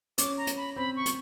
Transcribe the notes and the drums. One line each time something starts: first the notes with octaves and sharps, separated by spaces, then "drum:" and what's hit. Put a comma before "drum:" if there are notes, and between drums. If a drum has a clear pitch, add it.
C#4 D6, drum: hi-hat
A#5
drum: hi-hat
B5
C4 B5
C#6
drum: hi-hat